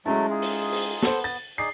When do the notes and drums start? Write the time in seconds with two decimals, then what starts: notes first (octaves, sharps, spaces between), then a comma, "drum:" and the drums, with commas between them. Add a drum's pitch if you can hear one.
0.06 F#3 G#3 A3 C#4 E4 A5
0.30 D#4 F4 G#4
0.42 drum: open hi-hat
0.72 drum: open hi-hat
1.03 B3 A4 C5, drum: snare
1.24 A6
1.58 D#4 G#4 D5 C7